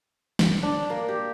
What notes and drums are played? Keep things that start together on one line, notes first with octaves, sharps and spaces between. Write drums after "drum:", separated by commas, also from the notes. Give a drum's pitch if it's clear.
drum: snare
D4
A#3
G4